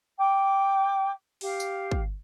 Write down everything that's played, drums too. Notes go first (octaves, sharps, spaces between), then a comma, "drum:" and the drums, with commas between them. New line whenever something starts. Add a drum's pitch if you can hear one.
G5 D6
G4 F5, drum: open hi-hat
drum: tambourine
drum: kick